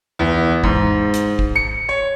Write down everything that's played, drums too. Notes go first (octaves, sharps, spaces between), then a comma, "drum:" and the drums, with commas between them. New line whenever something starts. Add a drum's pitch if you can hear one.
E2
G#2, drum: kick
drum: hi-hat
drum: kick
C#7
C#5